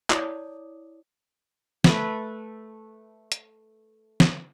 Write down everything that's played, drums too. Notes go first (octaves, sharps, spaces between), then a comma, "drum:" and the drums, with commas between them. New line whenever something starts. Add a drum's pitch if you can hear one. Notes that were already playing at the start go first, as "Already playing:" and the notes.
E4 C#5 D5 A5 D6 D#6, drum: clap
A3 B4, drum: snare
drum: hi-hat
drum: snare